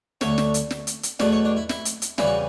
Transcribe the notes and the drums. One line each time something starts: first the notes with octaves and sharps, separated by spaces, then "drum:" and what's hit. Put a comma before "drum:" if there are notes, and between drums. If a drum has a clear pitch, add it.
D2 D3 A3 C#5, drum: snare
drum: snare
drum: hi-hat
drum: snare
drum: hi-hat
drum: hi-hat
E2 B2 F#3 A3 D5, drum: snare
C#5
D4
E4
E4, drum: snare
drum: hi-hat
drum: hi-hat
E2 C#3 E3 G3 E4, drum: snare
F#4